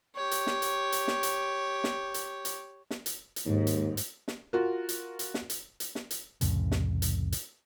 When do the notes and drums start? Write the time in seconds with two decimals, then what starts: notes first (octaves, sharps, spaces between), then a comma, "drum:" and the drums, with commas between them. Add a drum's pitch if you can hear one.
0.16 G4 C#5
0.31 drum: hi-hat
0.47 drum: snare
0.62 drum: hi-hat
0.92 drum: hi-hat
1.08 drum: snare
1.23 drum: hi-hat
1.84 drum: snare
2.14 drum: hi-hat
2.45 drum: hi-hat
2.91 drum: snare
3.06 drum: hi-hat
3.36 drum: hi-hat
3.46 D#2 G#2
3.67 drum: hi-hat
3.97 drum: hi-hat
4.28 drum: snare
4.53 F4 F#4 A#4
4.89 drum: hi-hat
5.19 drum: hi-hat
5.34 drum: snare
5.50 drum: hi-hat
5.80 drum: hi-hat
5.95 drum: snare
6.11 drum: hi-hat
6.41 C2 F2 A2 C#3, drum: hi-hat
6.71 drum: snare
7.02 drum: hi-hat
7.32 drum: hi-hat